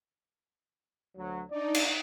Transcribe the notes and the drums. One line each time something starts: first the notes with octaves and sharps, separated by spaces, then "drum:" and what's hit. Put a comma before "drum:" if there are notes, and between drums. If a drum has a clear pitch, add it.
D2 F#3
D4 D#4 D5
drum: cymbal